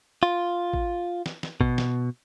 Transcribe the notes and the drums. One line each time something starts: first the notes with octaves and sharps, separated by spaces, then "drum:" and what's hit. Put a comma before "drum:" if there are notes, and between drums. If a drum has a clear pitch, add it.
F4
drum: kick A1
drum: snare
drum: snare
B2, drum: kick A1
drum: snare